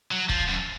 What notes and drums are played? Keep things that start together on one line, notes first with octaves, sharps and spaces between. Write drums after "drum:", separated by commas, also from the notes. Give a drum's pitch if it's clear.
F#3
F3, drum: kick
F#2